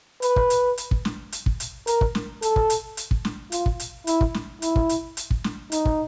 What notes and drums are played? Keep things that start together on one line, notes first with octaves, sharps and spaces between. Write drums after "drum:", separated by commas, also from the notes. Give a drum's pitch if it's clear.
B4, drum: hi-hat
drum: kick
drum: hi-hat
drum: hi-hat
drum: kick
drum: snare
drum: hi-hat
drum: kick
drum: hi-hat
A#4, drum: hi-hat
drum: kick
drum: snare
A4, drum: hi-hat
drum: kick
drum: hi-hat
drum: hi-hat
drum: kick
drum: snare
F4, drum: hi-hat
drum: kick
drum: hi-hat
E4, drum: hi-hat
drum: kick
drum: snare
E4, drum: hi-hat
drum: kick
drum: hi-hat
drum: hi-hat
drum: kick
drum: snare
D#4, drum: hi-hat
drum: kick